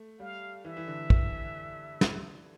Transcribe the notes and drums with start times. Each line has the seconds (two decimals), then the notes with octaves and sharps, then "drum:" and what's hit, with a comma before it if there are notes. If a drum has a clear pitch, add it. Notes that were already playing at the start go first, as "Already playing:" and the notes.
Already playing: A3
0.20 G3 F5
0.65 E3 E5
0.77 E3
0.87 D3
1.10 drum: kick
2.01 drum: snare